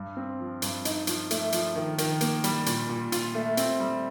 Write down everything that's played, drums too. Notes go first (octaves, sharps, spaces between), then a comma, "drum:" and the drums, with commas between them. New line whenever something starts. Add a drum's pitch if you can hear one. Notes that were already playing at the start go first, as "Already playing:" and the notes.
Already playing: G2
C4
F3
G2, drum: hi-hat
D#4, drum: hi-hat
F3, drum: hi-hat
A3, drum: hi-hat
F3, drum: hi-hat
D#3
D#3, drum: hi-hat
A#3, drum: hi-hat
G3, drum: hi-hat
A#2, drum: hi-hat
A#2
F4, drum: hi-hat
A3
C4, drum: hi-hat
G3